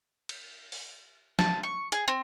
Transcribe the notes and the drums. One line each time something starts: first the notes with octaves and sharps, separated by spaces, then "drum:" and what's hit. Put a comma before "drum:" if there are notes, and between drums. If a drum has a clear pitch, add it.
drum: cymbal
drum: open hi-hat
A5, drum: snare
C#6
G#4, drum: hi-hat
C4